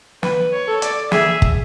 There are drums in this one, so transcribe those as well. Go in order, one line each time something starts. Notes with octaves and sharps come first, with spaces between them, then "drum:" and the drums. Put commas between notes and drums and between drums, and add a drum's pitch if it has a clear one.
B4, drum: snare
C#5
A4
D5, drum: hi-hat
G#4 E5, drum: snare
drum: kick